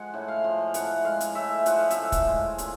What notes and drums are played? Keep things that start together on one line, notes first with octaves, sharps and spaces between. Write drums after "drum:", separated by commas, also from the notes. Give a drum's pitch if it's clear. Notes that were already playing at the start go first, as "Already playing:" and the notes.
Already playing: F3 G#3 F#5
A2
F5
F3
A2 F#5, drum: hi-hat
G#3 F5
drum: hi-hat
A2 E5
F3 F#5, drum: hi-hat
F5
E5, drum: hi-hat
A2 F5
drum: kick, hi-hat
G#3
A#2, drum: hi-hat